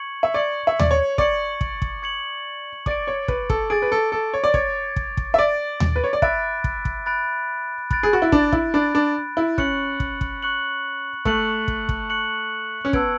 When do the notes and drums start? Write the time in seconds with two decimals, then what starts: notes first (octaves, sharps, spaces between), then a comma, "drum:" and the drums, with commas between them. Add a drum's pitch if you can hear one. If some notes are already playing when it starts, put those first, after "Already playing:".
Already playing: C#6 G#6 C#7 F#7
0.23 E5
0.34 D5 C#6 G#6 C#7 F#7
0.67 E5
0.79 D5, drum: tom D#2
0.91 C#5
1.18 D5 C#6 G#6 C#7 F#7, drum: kick
1.61 drum: kick
1.82 drum: kick
2.02 C#6 G#6 C#7 F#7
2.86 D5 D6 A6 D7, drum: kick
3.07 C#5
3.28 B4, drum: kick
3.50 A4, drum: kick
3.70 G#4 D6 A6 D7
3.82 B4
3.92 A4
4.12 A4
4.34 C#5
4.44 D5
4.54 C#5 D6 A6 D7, drum: kick
4.96 drum: kick
5.17 drum: kick
5.34 E5
5.39 D5 D6 A6 D7
5.80 drum: tom D#2
5.96 B4
6.04 C#5
6.13 D5
6.22 E5 B5 F#6 A6 D7, drum: kick
6.64 drum: kick
6.85 drum: kick
7.06 B5 F#6 A6 D7
7.91 B5 F#6 A6 D7, drum: kick
8.03 G#4
8.13 F#4
8.22 E4
8.32 D4, drum: kick
8.53 E4, drum: kick
8.74 D4 B5 F#6 A6 D7
8.95 D4
9.37 E4
9.58 C#4 C#6 F#6 C#7 F#7, drum: kick
10.00 drum: kick
10.21 drum: kick
10.43 C#6 F#6 C#7 F#7
11.25 A3 C#6 F#6 C#7 F#7, drum: kick
11.68 drum: kick
11.89 drum: kick
12.10 C#6 F#6 C#7 F#7
12.85 C#4
12.93 B3 A5 E6 G#6 D7, drum: kick